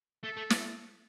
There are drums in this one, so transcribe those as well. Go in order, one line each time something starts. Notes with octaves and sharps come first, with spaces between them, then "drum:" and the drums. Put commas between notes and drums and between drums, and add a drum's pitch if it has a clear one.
A3 A4
A3
B3, drum: snare